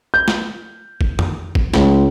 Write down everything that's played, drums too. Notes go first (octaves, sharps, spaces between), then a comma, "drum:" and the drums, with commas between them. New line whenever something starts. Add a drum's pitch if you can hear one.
G6
drum: snare
drum: kick
drum: tom
drum: kick
C#2, drum: snare